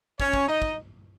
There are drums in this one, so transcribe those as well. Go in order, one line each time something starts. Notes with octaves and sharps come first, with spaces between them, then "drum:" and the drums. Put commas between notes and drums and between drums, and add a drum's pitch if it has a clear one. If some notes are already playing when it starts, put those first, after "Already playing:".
C#4 C#5, drum: kick
drum: kick
D#4 D#5
drum: kick